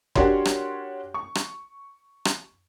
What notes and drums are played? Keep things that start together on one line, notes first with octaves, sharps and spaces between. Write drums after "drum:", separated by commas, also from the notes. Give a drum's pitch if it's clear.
D4 F#4 G4 A#4 C#5 C6, drum: kick
drum: rim click
C#6
drum: rim click
drum: rim click